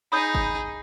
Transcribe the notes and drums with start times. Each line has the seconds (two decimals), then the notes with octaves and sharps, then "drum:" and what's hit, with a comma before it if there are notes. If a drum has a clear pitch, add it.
0.12 D#4 G#4 B5 D#6 G6
0.35 drum: kick G1